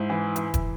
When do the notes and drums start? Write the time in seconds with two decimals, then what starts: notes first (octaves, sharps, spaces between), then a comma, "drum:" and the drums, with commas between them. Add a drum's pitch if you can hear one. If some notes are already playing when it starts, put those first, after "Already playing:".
Already playing: G#2 E4
0.10 E3
0.36 E3, drum: hi-hat
0.54 drum: kick E1, hi-hat